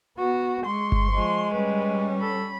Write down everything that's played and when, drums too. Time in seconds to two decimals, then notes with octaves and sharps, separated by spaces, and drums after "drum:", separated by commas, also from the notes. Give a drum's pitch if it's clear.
0.18 B3 F#4
0.65 G#3 C6 C#6
0.92 drum: kick G1
1.12 F3 G#3
1.54 G3 C#4 B4
2.21 A4 B5